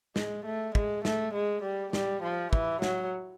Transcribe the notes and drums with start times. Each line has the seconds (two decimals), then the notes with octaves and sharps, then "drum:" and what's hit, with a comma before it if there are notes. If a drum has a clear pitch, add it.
0.16 G#3, drum: snare
0.46 A3
0.75 G#3, drum: kick
1.05 A3, drum: snare
1.34 G#3
1.63 G3
1.93 G3, drum: snare
2.23 F3
2.53 E3, drum: kick
2.82 F#3, drum: snare